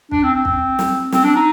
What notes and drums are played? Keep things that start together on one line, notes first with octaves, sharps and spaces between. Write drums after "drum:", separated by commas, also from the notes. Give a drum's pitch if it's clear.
D4, drum: kick
C4
C4
drum: kick
drum: snare
C4, drum: snare
D4
D#4